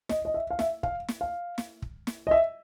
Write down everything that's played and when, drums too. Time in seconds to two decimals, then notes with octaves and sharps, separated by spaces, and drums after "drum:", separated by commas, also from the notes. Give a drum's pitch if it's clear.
0.09 D#5, drum: snare
0.25 D#5
0.34 E5
0.51 F5
0.59 E5, drum: snare
0.83 F5, drum: kick
1.08 drum: snare
1.21 F5
1.58 drum: snare
1.82 drum: kick
2.07 drum: snare
2.27 D#5
2.31 E5